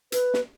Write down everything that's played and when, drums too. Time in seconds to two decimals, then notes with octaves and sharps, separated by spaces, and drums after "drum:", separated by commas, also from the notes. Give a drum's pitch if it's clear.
0.12 B4, drum: hi-hat
0.34 drum: snare